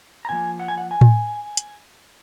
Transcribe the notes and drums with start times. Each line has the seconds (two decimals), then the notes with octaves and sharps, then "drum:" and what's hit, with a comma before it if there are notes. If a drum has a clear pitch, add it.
0.25 A#5
0.29 A#2 F3 A#3 G#5
0.60 F#5
0.68 G#5
0.78 F#5
0.91 G#5
1.01 drum: tom A2
1.57 drum: hi-hat